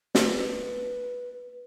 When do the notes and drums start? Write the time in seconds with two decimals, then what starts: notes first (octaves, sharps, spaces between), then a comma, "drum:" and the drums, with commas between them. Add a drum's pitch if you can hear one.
0.15 B4, drum: snare